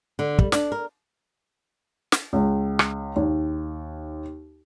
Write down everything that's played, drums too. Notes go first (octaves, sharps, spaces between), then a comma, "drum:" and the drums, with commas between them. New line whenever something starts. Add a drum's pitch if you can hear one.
D3
G3, drum: kick
D4, drum: snare
A#4
drum: snare
C#2
drum: rim click
D#2